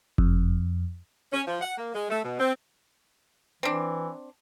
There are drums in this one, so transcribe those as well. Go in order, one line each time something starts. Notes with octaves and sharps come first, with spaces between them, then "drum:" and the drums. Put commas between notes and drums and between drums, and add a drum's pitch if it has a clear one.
F2, drum: kick F#1
C#4
F3
F#5
A#3
G#3
A3
B2
C4
E3 C4 D4